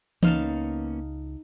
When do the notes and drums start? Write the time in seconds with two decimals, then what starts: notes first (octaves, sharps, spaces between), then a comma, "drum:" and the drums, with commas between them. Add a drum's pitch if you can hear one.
0.23 C#2 A#3 B3 C#4 D#4 F5 A5, drum: tom E3